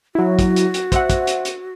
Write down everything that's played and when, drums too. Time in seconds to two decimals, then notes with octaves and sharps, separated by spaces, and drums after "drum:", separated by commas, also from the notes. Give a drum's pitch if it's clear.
0.15 F#3 E4 F#4
0.39 drum: kick, hi-hat
0.56 drum: hi-hat
0.74 drum: hi-hat
0.92 C5 E5 F#5, drum: kick, hi-hat
1.10 drum: kick, hi-hat
1.27 drum: hi-hat
1.45 drum: hi-hat